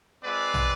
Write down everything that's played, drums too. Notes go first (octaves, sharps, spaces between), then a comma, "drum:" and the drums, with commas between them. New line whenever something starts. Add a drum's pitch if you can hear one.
G#3 C4 F4 B4 D5
drum: tom